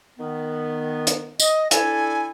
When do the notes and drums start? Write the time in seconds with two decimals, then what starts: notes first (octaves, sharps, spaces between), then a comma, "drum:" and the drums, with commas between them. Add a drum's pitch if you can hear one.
0.19 D#3 B3
1.07 drum: hi-hat
1.40 D#5, drum: tambourine
1.71 D4 E4 A4 G#5, drum: hi-hat